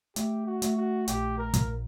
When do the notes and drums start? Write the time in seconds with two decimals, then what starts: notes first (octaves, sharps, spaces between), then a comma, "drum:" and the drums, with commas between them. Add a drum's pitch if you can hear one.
0.16 A3 G4, drum: hi-hat
0.46 F#4
0.62 A3, drum: hi-hat
0.77 F#4
1.08 A#1 G4, drum: hi-hat
1.38 A#4
1.54 A#1, drum: kick, hi-hat